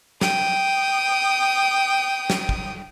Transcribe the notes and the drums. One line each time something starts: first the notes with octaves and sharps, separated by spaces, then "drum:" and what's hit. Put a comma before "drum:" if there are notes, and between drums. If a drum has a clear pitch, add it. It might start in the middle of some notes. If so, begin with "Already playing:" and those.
G5 D#6, drum: snare
drum: snare
drum: kick